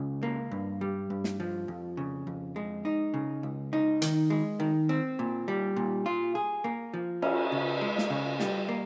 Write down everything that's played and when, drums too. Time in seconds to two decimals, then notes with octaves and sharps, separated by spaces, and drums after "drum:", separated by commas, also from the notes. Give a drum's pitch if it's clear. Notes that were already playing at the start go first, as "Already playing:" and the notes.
Already playing: C#2 C#3
0.23 A#3
0.51 G2
0.81 G3
1.10 G2
1.24 drum: snare
1.40 F3
1.68 F2
1.97 C#3
2.27 F2
2.56 G#3
2.85 D#4
3.14 C#3
3.43 C#2
3.73 D#4
4.02 D#3, drum: hi-hat
4.30 G#3
4.60 D#3
4.89 C4
5.19 A#2
5.48 G3
5.76 A#2
6.06 F4
6.35 G#4
6.64 A#3
6.94 F3
7.22 C#4, drum: cymbal
7.52 C#3
7.81 G#3
7.98 drum: snare
8.10 C#3
8.40 G3, drum: snare
8.69 A#3